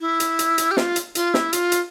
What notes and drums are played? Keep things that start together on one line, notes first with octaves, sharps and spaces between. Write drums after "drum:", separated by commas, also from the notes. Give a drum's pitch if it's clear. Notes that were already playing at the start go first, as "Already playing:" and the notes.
E4
drum: hi-hat
drum: hi-hat
drum: hi-hat
G4
F4, drum: snare
drum: hi-hat
F4, drum: hi-hat
E4, drum: snare
F4, drum: hi-hat
drum: hi-hat